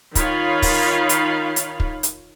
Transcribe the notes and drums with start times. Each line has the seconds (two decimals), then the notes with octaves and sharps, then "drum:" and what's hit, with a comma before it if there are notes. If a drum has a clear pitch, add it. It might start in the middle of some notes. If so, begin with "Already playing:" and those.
0.15 D#3 D#4 F4 C#5 F5 B5, drum: kick, hi-hat
0.62 drum: kick, open hi-hat
1.09 drum: hi-hat
1.56 drum: hi-hat
1.80 drum: kick
2.03 drum: hi-hat